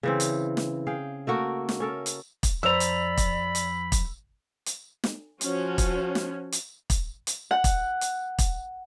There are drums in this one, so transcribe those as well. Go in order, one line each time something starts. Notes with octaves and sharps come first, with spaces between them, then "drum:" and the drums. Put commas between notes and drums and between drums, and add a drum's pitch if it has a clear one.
C#3 E3 C4
drum: hi-hat
drum: snare
G#4 F5 G5
A3 A#3 F#4 A#4
drum: snare
C#4 A4 A#4
drum: hi-hat
drum: kick, hi-hat
F2 C5 D5 A#5 B5 E6
drum: hi-hat
drum: kick, hi-hat
drum: hi-hat
drum: kick, hi-hat
drum: hi-hat
drum: snare
F3 C#4 F#4, drum: hi-hat
drum: kick, hi-hat
drum: snare
drum: hi-hat
drum: kick, hi-hat
drum: hi-hat
F#5
drum: kick, hi-hat
drum: hi-hat
drum: kick, hi-hat